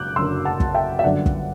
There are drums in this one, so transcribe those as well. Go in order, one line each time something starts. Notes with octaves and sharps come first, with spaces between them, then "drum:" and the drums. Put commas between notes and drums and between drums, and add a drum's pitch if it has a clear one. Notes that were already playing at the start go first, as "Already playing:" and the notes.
Already playing: F#1 F#2 D6 F#6 G6
F#1 F#2 D3 C6 E6
F#5 A5
drum: kick
E5 G5
E5
G1 F#2 D3 D5 F#5
drum: kick